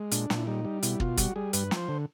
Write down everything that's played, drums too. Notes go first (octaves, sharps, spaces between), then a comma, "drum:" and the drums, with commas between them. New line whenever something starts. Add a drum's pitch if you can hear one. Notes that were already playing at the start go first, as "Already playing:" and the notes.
Already playing: G#3
A#2 D4, drum: hi-hat
A#2, drum: snare
E4
G3 D#4
G3
B2 E4, drum: hi-hat
B2 F4, drum: kick
G3 F#4, drum: kick, hi-hat
G3 G#4
G2 B4, drum: hi-hat
F3, drum: snare
C5
D3